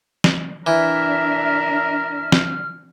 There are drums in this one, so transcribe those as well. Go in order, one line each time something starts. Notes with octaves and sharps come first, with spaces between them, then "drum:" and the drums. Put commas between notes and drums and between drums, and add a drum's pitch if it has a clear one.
drum: snare
E3 D4 A#4 E5 F6
drum: snare